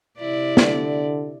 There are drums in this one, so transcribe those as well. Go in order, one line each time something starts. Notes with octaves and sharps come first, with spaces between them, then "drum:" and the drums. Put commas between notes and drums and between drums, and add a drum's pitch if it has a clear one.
C3 E4 D5
D3, drum: snare